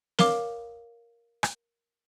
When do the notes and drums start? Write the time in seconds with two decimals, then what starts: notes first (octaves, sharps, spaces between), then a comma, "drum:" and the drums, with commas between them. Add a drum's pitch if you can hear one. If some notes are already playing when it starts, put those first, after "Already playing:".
0.19 A#4 C#5 F5 D6, drum: snare
1.43 drum: rim click